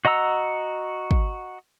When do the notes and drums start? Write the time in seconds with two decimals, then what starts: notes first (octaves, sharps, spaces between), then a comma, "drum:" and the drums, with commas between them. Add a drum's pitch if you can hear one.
0.05 F#4 D#5 F#5 A#5 E6
1.11 drum: kick